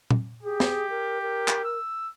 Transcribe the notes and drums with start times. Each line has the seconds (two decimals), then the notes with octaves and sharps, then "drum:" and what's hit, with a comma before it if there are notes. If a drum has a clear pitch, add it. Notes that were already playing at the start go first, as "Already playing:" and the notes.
0.11 drum: tom A#2
0.43 G4 G#4
0.60 drum: snare
0.90 A#4
1.22 A#4
1.48 drum: clap
1.65 E6